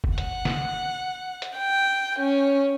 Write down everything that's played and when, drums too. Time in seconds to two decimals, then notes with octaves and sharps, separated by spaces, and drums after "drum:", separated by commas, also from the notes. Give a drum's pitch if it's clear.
0.04 drum: kick
0.18 F#5, drum: hi-hat
0.45 drum: snare
1.42 drum: hi-hat
1.58 G5
2.19 C#4